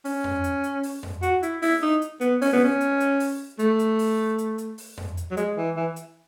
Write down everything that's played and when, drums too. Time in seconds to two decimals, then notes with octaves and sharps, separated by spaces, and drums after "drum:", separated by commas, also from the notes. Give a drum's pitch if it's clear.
0.05 C#4, drum: open hi-hat
0.24 drum: tom F2
0.44 drum: hi-hat
0.64 drum: hi-hat
0.83 drum: open hi-hat
1.03 drum: tom F2
1.23 F#4, drum: hi-hat
1.43 E4, drum: hi-hat
1.62 E4, drum: open hi-hat
1.82 D#4
2.02 drum: hi-hat
2.21 B3, drum: hi-hat
2.42 C#4, drum: open hi-hat
2.53 B3
2.64 C#4
2.81 drum: hi-hat
3.00 drum: hi-hat
3.20 drum: open hi-hat
3.59 A3, drum: hi-hat
3.79 drum: hi-hat
3.99 drum: open hi-hat
4.38 drum: hi-hat
4.58 drum: hi-hat
4.78 drum: open hi-hat
4.98 drum: tom F2
5.17 drum: hi-hat
5.31 F#3
5.37 G#3, drum: hi-hat
5.57 E3
5.76 E3
5.96 drum: hi-hat